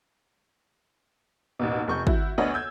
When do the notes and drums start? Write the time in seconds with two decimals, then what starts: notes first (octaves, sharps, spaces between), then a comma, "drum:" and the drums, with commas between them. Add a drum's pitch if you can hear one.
1.59 A1 D#2 B2
1.88 F1 C#6 G6
2.07 E4 F#4, drum: kick
2.38 D2 B3 D4 C#5 D#5
2.54 E6 G6 G#6